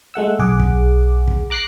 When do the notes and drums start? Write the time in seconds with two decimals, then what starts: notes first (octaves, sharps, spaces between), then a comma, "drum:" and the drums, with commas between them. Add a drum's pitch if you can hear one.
0.14 G#3 A3 F#5 E6
0.39 B1 G#4 F#5 D6
0.60 drum: kick
1.28 drum: kick
1.50 A#5 D6 F#6 A#6 C7